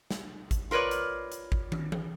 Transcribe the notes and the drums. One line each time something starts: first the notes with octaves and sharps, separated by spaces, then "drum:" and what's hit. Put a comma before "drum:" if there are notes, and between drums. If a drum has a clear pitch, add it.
drum: snare
drum: kick G#1, hi-hat
F4 A#4 B4 C#5 D5
drum: hi-hat
drum: hi-hat
drum: kick G#1
drum: tom
drum: tom E3